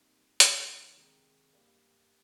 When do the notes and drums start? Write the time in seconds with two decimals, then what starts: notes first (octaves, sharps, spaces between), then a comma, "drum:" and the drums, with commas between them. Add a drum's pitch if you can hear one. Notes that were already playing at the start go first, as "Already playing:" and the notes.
Already playing: C3 G3 A#3 D#4
0.40 D#3 A#3 D#4, drum: hi-hat
0.96 C3 D#3 G#3 D#4
1.53 G2 G3 A#3